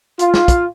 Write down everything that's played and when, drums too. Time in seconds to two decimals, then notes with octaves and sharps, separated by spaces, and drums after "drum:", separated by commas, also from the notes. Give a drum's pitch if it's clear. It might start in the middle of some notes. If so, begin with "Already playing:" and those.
0.19 F4, drum: hi-hat
0.34 drum: snare
0.48 drum: kick, hi-hat